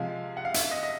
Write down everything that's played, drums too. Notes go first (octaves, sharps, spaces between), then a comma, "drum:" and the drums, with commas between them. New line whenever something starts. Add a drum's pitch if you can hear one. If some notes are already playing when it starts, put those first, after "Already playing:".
Already playing: C3 F3 G#3 F5
F#5
F5
E5, drum: hi-hat
D#5
D#5